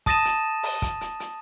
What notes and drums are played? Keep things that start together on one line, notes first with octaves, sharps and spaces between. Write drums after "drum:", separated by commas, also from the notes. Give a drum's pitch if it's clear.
A5 D#6 A6 A#6 D#7 E7, drum: kick, hi-hat
drum: hi-hat
drum: open hi-hat
drum: kick, hi-hat
drum: hi-hat
drum: hi-hat